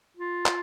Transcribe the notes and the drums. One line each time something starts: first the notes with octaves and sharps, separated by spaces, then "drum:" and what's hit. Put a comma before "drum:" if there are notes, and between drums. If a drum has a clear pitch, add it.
F4
drum: clap